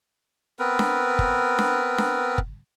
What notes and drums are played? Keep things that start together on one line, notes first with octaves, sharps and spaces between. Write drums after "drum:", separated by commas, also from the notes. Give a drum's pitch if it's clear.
B3 C4 A#4 B4
drum: snare D4
drum: kick G1
drum: snare D4
drum: snare D4
drum: kick G1